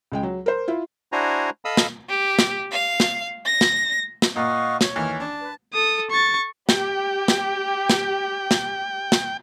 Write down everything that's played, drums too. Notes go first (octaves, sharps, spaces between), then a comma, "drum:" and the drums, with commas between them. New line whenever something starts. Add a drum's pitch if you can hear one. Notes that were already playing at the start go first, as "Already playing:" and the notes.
C#2 G#3 G5
F#3
A#4 C5
E4 F4
D4 E4 F#4 C5 G#5 A#5
A4 D#5 F5 B5 D#6 E6
drum: snare
G4
drum: snare
F5
drum: snare
A#6
drum: snare
drum: snare
A#2 D#5 F5 F#5 C#6
C#5, drum: snare
D#2 E3 F6
D4 A5
B4
A4 D#6
C#6 A6
G4 G5, drum: snare
drum: snare
drum: snare
drum: snare
drum: snare